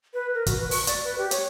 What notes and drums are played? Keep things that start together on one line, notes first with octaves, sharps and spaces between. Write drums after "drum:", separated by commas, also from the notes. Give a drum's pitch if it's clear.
B4
A#4
F#4, drum: kick, hi-hat
B4
C#6, drum: open hi-hat
D5, drum: hi-hat
B4
G4
C#5, drum: hi-hat